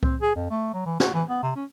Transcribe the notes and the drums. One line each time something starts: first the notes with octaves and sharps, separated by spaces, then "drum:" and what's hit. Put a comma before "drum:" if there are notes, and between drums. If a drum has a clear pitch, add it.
C4, drum: kick C2
G#4
F2
A3
F#3
E3
F#4, drum: snare
E3
B3
C3
C#4